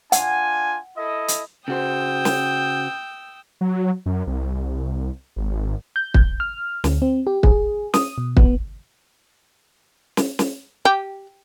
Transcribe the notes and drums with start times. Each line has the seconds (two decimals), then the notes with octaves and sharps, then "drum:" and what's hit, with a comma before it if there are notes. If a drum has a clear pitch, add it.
0.12 D4 F4 F#5 G#5, drum: hi-hat
0.98 E4 A4 D#5
1.28 drum: hi-hat
1.68 C#3 F#4 C5 G5 D#6 E6
2.25 drum: snare
3.61 F#3
4.06 F#2
4.27 C2
5.36 G#1
5.96 G6
6.14 G6, drum: kick
6.40 F6
6.84 D2, drum: snare
7.02 C4
7.27 G4
7.43 G#4, drum: kick
7.94 D#6, drum: snare
8.18 B2
8.37 B3, drum: kick
10.17 drum: snare
10.39 drum: snare
10.85 G4